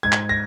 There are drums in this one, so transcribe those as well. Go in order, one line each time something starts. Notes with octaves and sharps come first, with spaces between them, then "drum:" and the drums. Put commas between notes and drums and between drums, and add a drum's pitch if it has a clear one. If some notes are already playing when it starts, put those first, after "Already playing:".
G#2 G#6
drum: clap
A#6